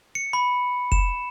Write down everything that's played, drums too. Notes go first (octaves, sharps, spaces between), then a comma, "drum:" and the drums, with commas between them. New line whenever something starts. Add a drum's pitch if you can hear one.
C#7
B5
E7, drum: kick F1